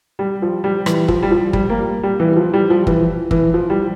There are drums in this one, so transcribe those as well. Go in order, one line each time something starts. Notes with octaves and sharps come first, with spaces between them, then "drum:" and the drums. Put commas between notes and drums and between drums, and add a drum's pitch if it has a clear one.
G3
F3
G3
E3, drum: rim click
F3, drum: kick
G3
F3
G3, drum: kick
A#3
G3
E3
F3
G3
F3
E3, drum: kick
E3, drum: kick
F3
G3